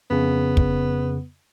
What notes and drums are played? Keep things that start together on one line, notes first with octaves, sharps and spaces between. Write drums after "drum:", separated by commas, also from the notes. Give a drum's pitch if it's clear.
F2 C#3 B3
drum: kick